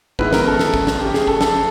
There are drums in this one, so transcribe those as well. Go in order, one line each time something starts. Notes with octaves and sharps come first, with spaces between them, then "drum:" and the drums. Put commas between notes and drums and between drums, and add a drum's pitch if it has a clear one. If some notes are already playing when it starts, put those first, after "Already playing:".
D#3 G#3 B3 E4 B4, drum: kick
A#4, drum: snare
A4
G#4, drum: snare
drum: kick
drum: snare
G4
G#4, drum: snare
A4, drum: kick
A4, drum: snare